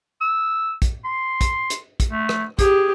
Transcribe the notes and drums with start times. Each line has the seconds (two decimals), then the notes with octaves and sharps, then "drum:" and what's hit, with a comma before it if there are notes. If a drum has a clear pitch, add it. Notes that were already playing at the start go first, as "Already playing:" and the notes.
0.21 E6
0.82 drum: kick, hi-hat
1.05 C6
1.41 drum: kick, hi-hat
1.70 drum: hi-hat
2.00 drum: kick, hi-hat
2.10 A3
2.29 drum: rim click
2.59 G4 G#4, drum: kick, hi-hat